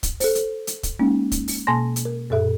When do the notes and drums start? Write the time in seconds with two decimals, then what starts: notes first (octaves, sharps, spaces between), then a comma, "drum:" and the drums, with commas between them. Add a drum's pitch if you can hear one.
0.03 drum: kick, hi-hat
0.20 A4 C5, drum: open hi-hat
0.35 drum: hi-hat
0.67 drum: hi-hat
0.83 drum: kick, hi-hat
0.99 G#3 A#3 C#4 D#4
1.32 drum: kick, hi-hat
1.48 drum: open hi-hat
1.67 B2 A#3 G#5 A5 C6 A#6
1.96 drum: hi-hat
2.05 A#4
2.30 F#2 A#2 A4 E5